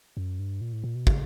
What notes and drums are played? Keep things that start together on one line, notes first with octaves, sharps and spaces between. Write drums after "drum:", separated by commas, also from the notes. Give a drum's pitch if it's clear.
F#2
G2
A#2
A2
A#2
B2
C#3, drum: kick